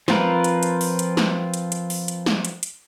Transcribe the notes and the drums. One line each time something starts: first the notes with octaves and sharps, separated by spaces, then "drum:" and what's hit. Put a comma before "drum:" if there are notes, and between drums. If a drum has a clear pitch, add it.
F3 C4 F4 A#4 B4, drum: snare
drum: hi-hat
drum: hi-hat
drum: open hi-hat
drum: hi-hat
drum: snare
drum: hi-hat
drum: hi-hat
drum: open hi-hat
drum: hi-hat
drum: snare
drum: hi-hat
drum: hi-hat